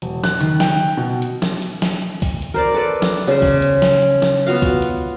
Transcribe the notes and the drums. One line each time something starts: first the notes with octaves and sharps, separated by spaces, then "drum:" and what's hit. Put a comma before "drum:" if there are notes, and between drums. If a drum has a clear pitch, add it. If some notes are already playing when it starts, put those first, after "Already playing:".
E1, drum: hi-hat
F#6, drum: snare
D#3, drum: hi-hat
G5, drum: snare
drum: hi-hat
B2
drum: hi-hat
drum: snare
drum: hi-hat
drum: snare
drum: hi-hat
drum: kick, open hi-hat
drum: hi-hat
A#4 C5 D5
A4 B4 D5
drum: snare
C#3 C5
drum: kick, open hi-hat
drum: hi-hat
drum: snare
drum: hi-hat
drum: snare
B3 F4 F#4 F5
drum: kick, open hi-hat
drum: hi-hat